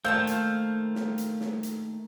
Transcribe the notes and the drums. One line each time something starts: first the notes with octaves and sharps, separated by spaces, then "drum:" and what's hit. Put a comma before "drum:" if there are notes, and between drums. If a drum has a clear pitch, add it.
D#3 A3 A#3 C5 F5 A5 E6 G6
drum: hi-hat
drum: snare
drum: hi-hat
drum: snare
drum: hi-hat